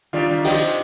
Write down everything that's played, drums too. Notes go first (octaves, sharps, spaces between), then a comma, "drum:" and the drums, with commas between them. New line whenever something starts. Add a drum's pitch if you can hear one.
D#3 G3 D4 F4
D#3 G3
D3 F3 D#4 G4, drum: open hi-hat
C3